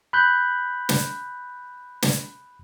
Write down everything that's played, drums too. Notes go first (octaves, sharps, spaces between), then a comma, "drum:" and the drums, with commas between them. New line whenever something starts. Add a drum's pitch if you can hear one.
B5 F#6 G6
drum: snare
drum: snare